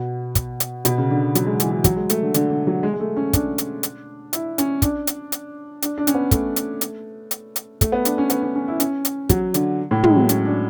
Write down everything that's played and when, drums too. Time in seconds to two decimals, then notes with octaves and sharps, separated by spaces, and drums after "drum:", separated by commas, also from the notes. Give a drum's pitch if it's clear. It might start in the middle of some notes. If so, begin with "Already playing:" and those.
Already playing: B2
0.35 drum: kick, hi-hat
0.60 drum: hi-hat
0.85 B2, drum: hi-hat
0.98 C#3
1.10 D3
1.35 F#3, drum: hi-hat
1.46 G#3
1.60 E3, drum: hi-hat
1.71 E3
1.84 F#3, drum: kick, hi-hat
1.96 G#3
2.10 A3, drum: hi-hat
2.22 D3
2.34 D3, drum: hi-hat
2.50 D3
2.67 F#3
2.83 G#3
2.93 G#3
3.00 A3
3.17 C#4
3.33 D4, drum: kick, hi-hat
3.58 drum: hi-hat
3.83 drum: hi-hat
4.33 E4, drum: hi-hat
4.58 C#4, drum: hi-hat
4.82 D4, drum: kick, hi-hat
5.07 drum: hi-hat
5.32 drum: hi-hat
5.82 D4, drum: hi-hat
5.98 D4
6.07 C#4, drum: hi-hat
6.14 B3
6.31 A3, drum: kick, hi-hat
6.56 drum: hi-hat
6.81 drum: hi-hat
7.31 drum: hi-hat
7.56 drum: hi-hat
7.81 A3, drum: kick, hi-hat
7.92 B3
8.05 D4, drum: hi-hat
8.18 C#4
8.30 B3, drum: hi-hat
8.43 C#4
8.56 C#4
8.68 E4
8.80 C#4, drum: hi-hat
9.05 drum: hi-hat
9.29 F#3, drum: kick, hi-hat
9.54 D3, drum: hi-hat
9.91 A2
10.04 G#3, drum: tom
10.16 F#3
10.29 C#4, drum: hi-hat
10.45 D4